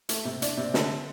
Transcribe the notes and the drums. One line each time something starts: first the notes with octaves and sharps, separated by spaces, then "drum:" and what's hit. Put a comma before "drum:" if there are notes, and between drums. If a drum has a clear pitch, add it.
A3, drum: hi-hat
C3
D4, drum: hi-hat
C3
D3, drum: snare